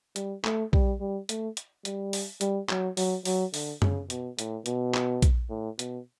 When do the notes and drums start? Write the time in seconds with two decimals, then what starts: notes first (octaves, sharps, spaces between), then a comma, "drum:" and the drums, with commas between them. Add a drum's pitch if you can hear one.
0.16 G3, drum: hi-hat
0.45 A3, drum: clap
0.73 G3, drum: kick A#1
1.00 G3
1.29 A3, drum: hi-hat
1.57 drum: hi-hat
1.85 G3, drum: hi-hat
2.13 drum: open hi-hat
2.41 G3, drum: hi-hat
2.69 F#3, drum: clap
2.97 F#3, drum: open hi-hat
3.25 F#3, drum: open hi-hat
3.54 D3, drum: open hi-hat
3.82 C#3, drum: tom F#2
4.10 B2, drum: hi-hat
4.39 A2, drum: hi-hat
4.66 B2, drum: hi-hat
4.94 drum: clap
5.22 drum: kick A#1, hi-hat
5.50 A2
5.79 B2, drum: hi-hat